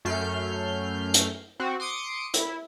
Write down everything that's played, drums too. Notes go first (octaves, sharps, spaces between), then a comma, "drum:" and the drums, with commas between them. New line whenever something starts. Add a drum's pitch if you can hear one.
F#2 A3 C#4 F6 G6 C7
drum: hi-hat
C4 F#4
C6 D6 D#6 C#7 D7
E4, drum: hi-hat